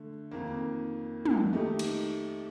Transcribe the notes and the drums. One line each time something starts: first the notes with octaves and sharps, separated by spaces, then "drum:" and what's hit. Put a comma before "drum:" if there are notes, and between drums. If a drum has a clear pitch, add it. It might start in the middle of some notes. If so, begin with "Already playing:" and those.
Already playing: D3 A3
F2 D#3 A#3
drum: tom
D#3 A3 D#4 G4
drum: cymbal